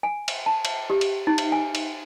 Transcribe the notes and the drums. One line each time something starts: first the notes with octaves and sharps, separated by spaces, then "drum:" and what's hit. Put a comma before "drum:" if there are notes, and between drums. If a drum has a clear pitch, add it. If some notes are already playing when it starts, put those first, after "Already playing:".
G#5
drum: cymbal
A5
drum: cymbal
G4
drum: cymbal
D#4
drum: cymbal
G#5
drum: cymbal